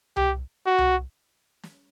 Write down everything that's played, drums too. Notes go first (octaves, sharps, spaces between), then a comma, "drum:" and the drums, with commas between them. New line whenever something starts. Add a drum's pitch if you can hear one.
G4, drum: tom C2
F#4
drum: tom C2
drum: snare